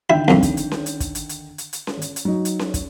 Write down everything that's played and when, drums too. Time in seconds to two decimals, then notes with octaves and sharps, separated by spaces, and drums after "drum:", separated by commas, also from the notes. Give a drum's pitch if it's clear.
0.10 D3 D#3 E4 G5
0.28 C2 F2, drum: snare C#4
0.43 drum: kick, hi-hat
0.57 drum: hi-hat
0.71 drum: snare C#4
0.86 drum: hi-hat
1.00 drum: kick, hi-hat
1.15 drum: hi-hat
1.29 drum: hi-hat
1.58 drum: hi-hat
1.73 drum: hi-hat
1.87 drum: snare C#4
2.02 drum: hi-hat
2.16 drum: hi-hat
2.25 F#3 D#4
2.45 drum: hi-hat
2.59 drum: snare C#4
2.74 drum: kick, hi-hat